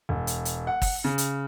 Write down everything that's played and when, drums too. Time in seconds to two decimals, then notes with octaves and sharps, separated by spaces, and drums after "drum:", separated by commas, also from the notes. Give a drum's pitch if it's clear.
0.09 E1
0.27 drum: hi-hat
0.45 drum: hi-hat
0.67 F#5
0.82 drum: kick, open hi-hat
1.04 C#3
1.18 drum: hi-hat